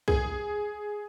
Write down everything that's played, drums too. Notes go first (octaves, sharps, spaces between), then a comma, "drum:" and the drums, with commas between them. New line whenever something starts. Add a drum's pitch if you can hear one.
G#4, drum: kick